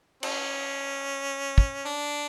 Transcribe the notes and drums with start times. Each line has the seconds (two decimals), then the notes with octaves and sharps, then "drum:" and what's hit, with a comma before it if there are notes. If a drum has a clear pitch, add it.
0.23 C#4, drum: cymbal
1.58 drum: kick
1.85 D4